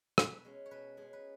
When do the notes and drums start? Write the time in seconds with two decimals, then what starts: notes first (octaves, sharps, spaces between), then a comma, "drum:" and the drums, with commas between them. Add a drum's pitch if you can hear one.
0.18 B2 B4, drum: rim click
0.45 G#3 C#4
0.66 C#5
0.71 B2 B4
0.97 G#3 C#4 G#4
1.13 B4